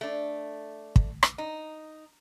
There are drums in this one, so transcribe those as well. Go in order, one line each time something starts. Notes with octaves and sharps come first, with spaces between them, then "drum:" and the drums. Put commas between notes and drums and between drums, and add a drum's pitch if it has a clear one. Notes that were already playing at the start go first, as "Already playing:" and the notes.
A3 D4
drum: kick
drum: rim click
D#4